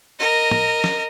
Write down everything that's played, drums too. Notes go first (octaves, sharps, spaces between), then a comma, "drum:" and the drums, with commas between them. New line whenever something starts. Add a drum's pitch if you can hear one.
A#4 D#5
drum: tom
drum: snare